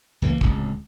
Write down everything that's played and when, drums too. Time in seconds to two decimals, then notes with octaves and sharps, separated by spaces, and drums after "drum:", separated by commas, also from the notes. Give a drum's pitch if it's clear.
0.22 C#2 E3 F#3 A#3
0.41 D1 C#2, drum: kick